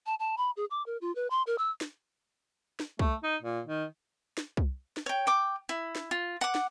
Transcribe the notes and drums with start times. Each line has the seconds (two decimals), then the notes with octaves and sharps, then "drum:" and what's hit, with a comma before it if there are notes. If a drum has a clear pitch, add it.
0.06 A5
0.19 A5
0.38 B5
0.57 G#4
0.71 D6
0.86 A#4
1.01 F4
1.15 B4
1.30 C6
1.47 A#4
1.58 E6
1.81 drum: snare
2.80 drum: snare
2.99 A3, drum: kick C2
3.23 D#4
3.42 A#2
3.67 D#3
4.38 drum: snare
4.57 drum: kick C2
4.97 drum: snare
5.06 C#5 G5
5.27 G5 D6
5.69 E4
5.95 drum: snare
6.11 F4
6.41 F#5 D6
6.55 drum: snare